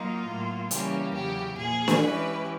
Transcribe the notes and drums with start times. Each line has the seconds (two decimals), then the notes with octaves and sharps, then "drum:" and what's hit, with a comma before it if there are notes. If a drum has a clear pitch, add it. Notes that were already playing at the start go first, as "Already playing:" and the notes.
Already playing: F#3 A#3 D#4 F4
0.27 A2 F#3 A#3
0.71 C#3 E3 G3 A#3 C#4 G4, drum: hi-hat
1.14 E2 C#3 F#3 G4
1.58 A#2 F3 A#3 G#4
1.88 drum: snare
2.01 E3 G#3 C#4 E4 G4 B4